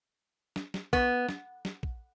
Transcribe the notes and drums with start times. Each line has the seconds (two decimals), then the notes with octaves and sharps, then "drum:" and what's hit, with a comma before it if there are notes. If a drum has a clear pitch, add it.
0.56 drum: snare
0.74 drum: snare
0.93 B3, drum: kick
1.29 drum: snare
1.65 drum: snare
1.83 drum: kick